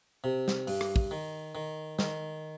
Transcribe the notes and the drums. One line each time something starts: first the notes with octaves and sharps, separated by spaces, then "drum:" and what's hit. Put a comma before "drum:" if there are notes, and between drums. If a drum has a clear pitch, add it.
C3
drum: snare
G2, drum: open hi-hat
drum: rim click
drum: kick
D#3
D#3
D#3, drum: snare